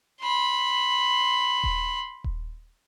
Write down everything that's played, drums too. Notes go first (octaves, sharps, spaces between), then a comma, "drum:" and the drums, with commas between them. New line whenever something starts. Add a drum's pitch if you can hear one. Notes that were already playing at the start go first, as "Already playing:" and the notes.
B5 C6
drum: kick D#1
drum: kick D#1